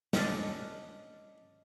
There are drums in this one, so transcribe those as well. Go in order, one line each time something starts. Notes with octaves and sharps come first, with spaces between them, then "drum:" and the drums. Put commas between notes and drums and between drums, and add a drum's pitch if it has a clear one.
C#4 D4 D#5, drum: snare